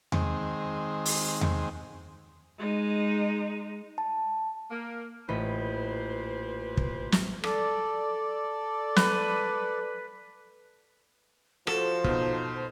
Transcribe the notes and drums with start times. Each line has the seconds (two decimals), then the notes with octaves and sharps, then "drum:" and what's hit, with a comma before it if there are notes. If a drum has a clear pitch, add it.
0.12 D#3 G#3 C4, drum: tom E2
1.05 drum: open hi-hat
1.41 drum: tom E2
2.58 G#3 D#4
3.98 A5
4.71 A#3
5.29 A1 A#2 B4 C5 D#5 B5
6.77 drum: kick
7.12 drum: snare
7.44 A4 D5, drum: rim click
8.96 B4, drum: snare
11.67 F3 F#4 A4 C5, drum: rim click
12.04 B2 D#4, drum: kick